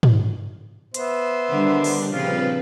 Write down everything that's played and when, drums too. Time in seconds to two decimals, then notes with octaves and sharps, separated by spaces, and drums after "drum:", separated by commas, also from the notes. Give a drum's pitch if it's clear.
0.03 drum: tom
0.94 B3 C5 E5, drum: hi-hat
1.50 D3 D#3 G3 D4
1.84 drum: open hi-hat
2.12 A#2 C#3 F3 G3 C4 F4 B4